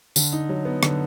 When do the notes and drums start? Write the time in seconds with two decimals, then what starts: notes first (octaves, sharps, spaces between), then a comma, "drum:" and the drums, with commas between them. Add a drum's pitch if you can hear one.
0.16 D3, drum: tambourine
0.33 D#4
0.49 F#3
0.65 B3
0.83 D3, drum: rim click